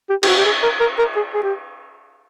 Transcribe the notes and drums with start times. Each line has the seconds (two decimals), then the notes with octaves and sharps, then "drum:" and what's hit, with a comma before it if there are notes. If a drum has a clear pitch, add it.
0.10 G4
0.23 G4, drum: cymbal
0.28 F#4
0.37 G4
0.45 G#4
0.63 A#4
0.80 A#4
0.99 A#4
1.16 G#4
1.34 G#4
1.43 G4